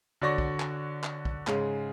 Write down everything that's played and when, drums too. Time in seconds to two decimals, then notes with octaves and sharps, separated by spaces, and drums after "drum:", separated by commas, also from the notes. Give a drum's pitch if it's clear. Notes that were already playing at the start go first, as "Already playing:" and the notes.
0.21 D3 F#4 C#5 D5 C#6 A#6
0.38 drum: kick
0.60 drum: clap
1.04 drum: clap
1.25 drum: kick
1.47 G#2 C#3 G#3, drum: clap